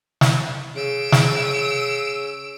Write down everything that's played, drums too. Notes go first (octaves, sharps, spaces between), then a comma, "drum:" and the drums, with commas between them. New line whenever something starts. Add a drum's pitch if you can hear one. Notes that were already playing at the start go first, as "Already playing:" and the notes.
drum: snare
C#3 E6 D7
drum: snare